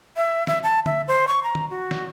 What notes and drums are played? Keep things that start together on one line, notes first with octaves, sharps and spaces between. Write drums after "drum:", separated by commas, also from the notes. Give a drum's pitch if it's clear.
E5
E5, drum: snare
A5
E5, drum: tom
C5
C#6
A#5
drum: tom
F#4
drum: snare